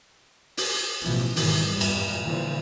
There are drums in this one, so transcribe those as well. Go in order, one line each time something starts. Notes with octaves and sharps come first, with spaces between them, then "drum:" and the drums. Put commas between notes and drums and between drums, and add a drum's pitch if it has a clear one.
drum: open hi-hat
A1 B2 E3 F3
G#1 B2 D#3 E3 F#3 G#3, drum: open hi-hat
E2 G2 A#2 G3
drum: cymbal
A#2 D3 E3 F3